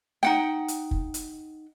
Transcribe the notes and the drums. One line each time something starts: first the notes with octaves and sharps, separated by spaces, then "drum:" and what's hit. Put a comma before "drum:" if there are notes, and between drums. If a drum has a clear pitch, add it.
D#4 F#5 G5, drum: snare
drum: hi-hat
drum: kick
drum: hi-hat